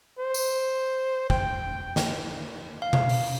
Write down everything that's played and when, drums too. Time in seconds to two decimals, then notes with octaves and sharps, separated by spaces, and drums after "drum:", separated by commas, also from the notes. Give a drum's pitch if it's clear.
0.19 C5
0.34 drum: tambourine
1.30 G5, drum: kick
1.96 drum: snare
2.82 F5
2.93 drum: tom B2
3.09 drum: open hi-hat